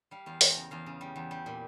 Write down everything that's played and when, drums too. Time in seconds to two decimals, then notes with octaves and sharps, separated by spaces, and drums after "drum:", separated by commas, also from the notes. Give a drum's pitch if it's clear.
0.11 G3 F5
0.26 E2 F5
0.41 E2 A5, drum: open hi-hat
0.51 A#5
0.56 C#3
0.71 E2 F5
0.86 C#3
1.01 G3
1.16 E2
1.31 G3
1.46 A#2